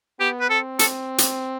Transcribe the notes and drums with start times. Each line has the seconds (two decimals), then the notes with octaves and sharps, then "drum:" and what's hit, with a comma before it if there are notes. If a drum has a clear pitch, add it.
0.20 B3 G4
0.41 B4
0.50 C4 A4
0.79 A4, drum: hi-hat
1.18 drum: hi-hat